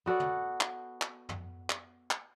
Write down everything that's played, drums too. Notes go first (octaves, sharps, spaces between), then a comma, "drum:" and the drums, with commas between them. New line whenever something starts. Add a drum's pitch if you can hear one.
B3 F#4 A4 D5
drum: tom
drum: clap
drum: clap
drum: tom
drum: clap
drum: clap